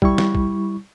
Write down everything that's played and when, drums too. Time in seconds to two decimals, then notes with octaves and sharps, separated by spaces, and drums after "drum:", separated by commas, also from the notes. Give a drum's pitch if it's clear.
0.02 G3 E4 C#6, drum: kick B1
0.18 drum: snare
0.35 drum: kick B1